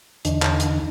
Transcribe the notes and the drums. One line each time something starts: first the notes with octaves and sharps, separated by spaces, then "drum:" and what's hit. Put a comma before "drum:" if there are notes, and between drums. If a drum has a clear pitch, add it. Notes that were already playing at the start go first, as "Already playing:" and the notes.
E2 D3 D#4, drum: hi-hat
drum: clap
drum: hi-hat